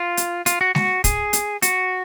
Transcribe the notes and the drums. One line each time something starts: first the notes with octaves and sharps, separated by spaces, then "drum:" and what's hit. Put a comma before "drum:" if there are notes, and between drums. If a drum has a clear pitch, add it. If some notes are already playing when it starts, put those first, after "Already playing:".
Already playing: F4
drum: hi-hat
F4, drum: hi-hat
F#4
F#4, drum: snare G#3
G#4, drum: kick, hi-hat
drum: hi-hat
F#4, drum: hi-hat